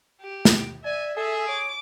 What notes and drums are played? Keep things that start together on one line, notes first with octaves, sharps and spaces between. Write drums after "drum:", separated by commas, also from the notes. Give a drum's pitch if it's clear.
G4
drum: snare
D5 E5 G#5
G#4 A4 E5 G#5
C#5 D6